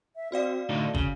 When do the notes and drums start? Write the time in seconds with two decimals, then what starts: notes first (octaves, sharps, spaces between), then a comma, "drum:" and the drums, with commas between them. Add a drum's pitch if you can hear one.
0.16 E5
0.32 C4 F#4 D5 F5
0.69 A2 D3 A3 D#4
0.95 C#3, drum: kick